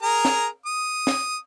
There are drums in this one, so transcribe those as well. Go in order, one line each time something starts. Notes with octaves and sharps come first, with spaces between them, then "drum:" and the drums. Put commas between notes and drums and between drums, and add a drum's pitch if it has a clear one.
G#4 A#4 A#5
drum: snare
D#6
drum: snare